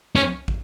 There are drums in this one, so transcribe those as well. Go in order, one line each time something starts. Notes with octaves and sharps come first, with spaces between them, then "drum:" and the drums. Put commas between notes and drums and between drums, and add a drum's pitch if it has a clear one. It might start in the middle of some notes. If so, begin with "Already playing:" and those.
C#4, drum: hi-hat
drum: kick